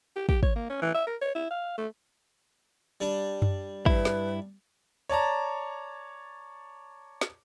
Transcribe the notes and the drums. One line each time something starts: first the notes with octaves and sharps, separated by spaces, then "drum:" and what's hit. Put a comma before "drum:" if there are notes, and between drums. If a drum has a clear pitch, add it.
G4
G4, drum: kick
C#5, drum: kick
A#3
C#4
E3
E5
A#4
C#5
E4
F5
A3
G3 D4
drum: tom F#2
G2 E4 B4, drum: kick
drum: snare
C#5 D5 A5 A#5
drum: snare